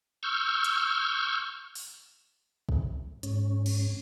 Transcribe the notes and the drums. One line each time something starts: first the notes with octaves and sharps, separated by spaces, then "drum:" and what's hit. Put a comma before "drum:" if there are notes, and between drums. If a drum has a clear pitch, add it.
C#6 E6 F6 G6
drum: hi-hat
drum: open hi-hat
drum: kick
G#2 C#4, drum: hi-hat
drum: cymbal